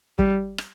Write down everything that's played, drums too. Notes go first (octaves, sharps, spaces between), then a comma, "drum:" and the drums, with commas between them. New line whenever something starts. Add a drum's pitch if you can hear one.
G3, drum: kick
drum: rim click